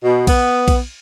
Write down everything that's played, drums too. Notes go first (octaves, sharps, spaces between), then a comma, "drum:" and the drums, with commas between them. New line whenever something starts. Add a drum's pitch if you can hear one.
B2
B3, drum: kick A#1, cymbal
drum: kick A#1, cymbal